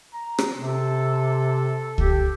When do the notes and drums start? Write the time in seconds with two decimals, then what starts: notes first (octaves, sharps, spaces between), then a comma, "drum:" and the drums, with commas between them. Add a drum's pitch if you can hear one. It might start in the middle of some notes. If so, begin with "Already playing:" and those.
0.14 A#5
0.38 drum: rim click
0.56 C3 A4
1.98 G4, drum: kick C#2